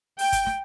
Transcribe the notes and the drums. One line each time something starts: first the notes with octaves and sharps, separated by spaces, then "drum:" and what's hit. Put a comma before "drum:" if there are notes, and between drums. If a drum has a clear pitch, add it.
G5, drum: open hi-hat
drum: kick G1, hi-hat
drum: snare